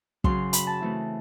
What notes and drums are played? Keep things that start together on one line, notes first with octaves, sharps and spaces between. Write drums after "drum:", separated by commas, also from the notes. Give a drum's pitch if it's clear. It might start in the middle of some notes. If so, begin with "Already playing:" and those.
F#2 C#3 F#3 C6, drum: kick
B5, drum: hi-hat
A5
C#3 E3 A3 C4 E4